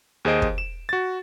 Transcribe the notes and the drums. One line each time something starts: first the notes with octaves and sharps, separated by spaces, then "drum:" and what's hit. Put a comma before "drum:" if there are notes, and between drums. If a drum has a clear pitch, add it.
D#2 G#4 C5 D#5 D7
drum: kick
E7
F#4 A6